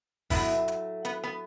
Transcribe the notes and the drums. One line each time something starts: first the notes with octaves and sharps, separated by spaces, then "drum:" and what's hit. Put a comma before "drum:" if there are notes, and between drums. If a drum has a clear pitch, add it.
A2 F#3 A3 B3 E4, drum: kick, open hi-hat
drum: hi-hat
B3, drum: hi-hat
B3